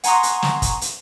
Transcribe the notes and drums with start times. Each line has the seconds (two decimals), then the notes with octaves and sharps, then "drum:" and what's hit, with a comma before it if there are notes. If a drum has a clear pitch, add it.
0.04 F#5 G#5 A#5 C6 C#6 D#6, drum: hi-hat
0.23 drum: hi-hat
0.42 drum: snare
0.62 drum: kick, hi-hat
0.81 drum: hi-hat